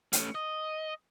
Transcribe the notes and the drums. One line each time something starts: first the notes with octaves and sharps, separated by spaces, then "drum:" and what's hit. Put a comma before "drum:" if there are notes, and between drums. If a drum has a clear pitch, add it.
A3 C#4, drum: hi-hat
D#5